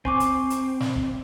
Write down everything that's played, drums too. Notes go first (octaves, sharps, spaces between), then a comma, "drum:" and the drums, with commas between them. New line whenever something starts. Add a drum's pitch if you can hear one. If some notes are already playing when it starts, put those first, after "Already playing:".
C4 G#5 C#6 D6, drum: kick
drum: hi-hat
drum: hi-hat
drum: snare
drum: kick